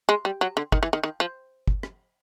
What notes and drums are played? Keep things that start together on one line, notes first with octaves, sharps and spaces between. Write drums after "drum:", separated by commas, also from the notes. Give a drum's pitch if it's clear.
G#3
G3
F#3
D3
D#3, drum: kick
E3
D#3
D#3
F3
drum: kick
drum: rim click